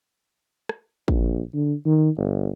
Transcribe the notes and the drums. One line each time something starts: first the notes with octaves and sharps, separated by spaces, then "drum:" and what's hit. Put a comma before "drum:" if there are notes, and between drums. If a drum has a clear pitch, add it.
drum: rim click
A#1, drum: kick
D3
D#3
G1